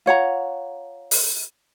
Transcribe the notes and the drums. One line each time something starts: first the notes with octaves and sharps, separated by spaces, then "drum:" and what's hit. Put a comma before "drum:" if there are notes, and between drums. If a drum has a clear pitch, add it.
F4 C#5 F#5 A#5
drum: open hi-hat